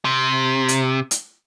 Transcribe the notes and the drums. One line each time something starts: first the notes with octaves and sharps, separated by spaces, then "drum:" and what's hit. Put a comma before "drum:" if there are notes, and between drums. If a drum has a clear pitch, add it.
C3
drum: hi-hat
drum: hi-hat